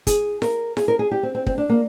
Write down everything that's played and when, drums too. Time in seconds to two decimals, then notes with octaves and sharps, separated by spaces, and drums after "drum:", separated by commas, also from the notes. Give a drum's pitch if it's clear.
0.07 G#4, drum: kick, hi-hat
0.42 A#4, drum: snare E4
0.77 G#4, drum: snare E4
0.88 A#4
0.99 G#4
1.11 G4
1.23 C4
1.35 C4
1.47 C4, drum: kick
1.58 D4
1.69 A#3